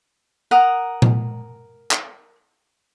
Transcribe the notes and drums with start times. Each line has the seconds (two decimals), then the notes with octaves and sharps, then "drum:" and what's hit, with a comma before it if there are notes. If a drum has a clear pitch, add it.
0.51 A#4 F#5 A#5 D#6
1.02 drum: tom A#2
1.91 drum: clap